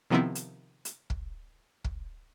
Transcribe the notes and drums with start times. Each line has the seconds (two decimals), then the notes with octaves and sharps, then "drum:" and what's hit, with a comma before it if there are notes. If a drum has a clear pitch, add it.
0.10 C3 D#3 F3 B3 C4 E4
0.35 drum: hi-hat
0.85 drum: hi-hat
1.10 drum: kick
1.84 drum: kick